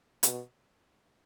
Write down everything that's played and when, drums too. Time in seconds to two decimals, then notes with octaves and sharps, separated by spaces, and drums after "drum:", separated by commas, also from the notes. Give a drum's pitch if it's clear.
0.23 B2, drum: hi-hat